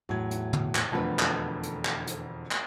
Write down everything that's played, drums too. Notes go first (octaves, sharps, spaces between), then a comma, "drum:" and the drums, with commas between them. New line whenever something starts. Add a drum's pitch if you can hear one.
E2 A2 F#3 G#6
drum: hi-hat
drum: tom
drum: clap
E1 F2 D3 A3 B4
drum: clap
drum: hi-hat
drum: clap
drum: hi-hat
drum: clap